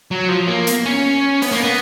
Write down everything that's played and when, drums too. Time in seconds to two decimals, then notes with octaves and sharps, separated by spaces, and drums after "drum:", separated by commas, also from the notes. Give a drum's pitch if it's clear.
0.11 F#3
0.29 F3
0.48 A#3
0.67 drum: hi-hat
0.86 C#4
1.42 B3, drum: open hi-hat
1.52 A#3
1.63 B3